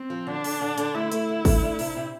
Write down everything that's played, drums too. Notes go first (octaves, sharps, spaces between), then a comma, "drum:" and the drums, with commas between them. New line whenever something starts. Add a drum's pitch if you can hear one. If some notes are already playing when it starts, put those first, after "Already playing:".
Already playing: C4
F3
D3 D4
D3, drum: open hi-hat
D3
D3, drum: hi-hat
A3 E4
A3, drum: hi-hat
D3
A3, drum: kick, open hi-hat
D4
C3, drum: open hi-hat
C3